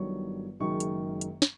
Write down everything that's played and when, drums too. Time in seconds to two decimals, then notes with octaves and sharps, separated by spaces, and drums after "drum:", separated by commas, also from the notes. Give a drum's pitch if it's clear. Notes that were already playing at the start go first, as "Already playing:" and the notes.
Already playing: G1 G2 D#3 F#3 C#6
0.60 F#1 F#2 D#3 G#3 C#6
0.80 drum: hi-hat
1.21 drum: hi-hat
1.42 drum: snare